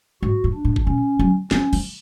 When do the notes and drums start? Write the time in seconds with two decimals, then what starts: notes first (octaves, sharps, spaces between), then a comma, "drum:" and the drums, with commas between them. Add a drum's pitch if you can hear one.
0.23 G#2 F#4
0.44 G#2
0.54 D4
0.65 A2
0.76 drum: kick
0.86 B2 C#4
1.19 F#3
1.51 F3 C#4, drum: snare
1.73 F3, drum: cymbal